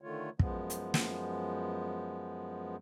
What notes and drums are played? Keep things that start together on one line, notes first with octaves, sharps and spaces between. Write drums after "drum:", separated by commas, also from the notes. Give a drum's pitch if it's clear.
D3 D#3 A3 F4 C#5
F#2 F3 G#3 B3, drum: kick
drum: hi-hat
drum: snare